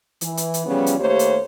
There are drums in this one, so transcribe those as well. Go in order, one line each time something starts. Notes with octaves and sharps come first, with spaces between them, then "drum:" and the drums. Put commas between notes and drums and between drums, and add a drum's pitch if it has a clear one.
E3, drum: hi-hat
drum: hi-hat
drum: hi-hat
C#3 F3 G3 B3 C#4
drum: hi-hat
D#2 A3 A#3 G4 C5 C#5
drum: hi-hat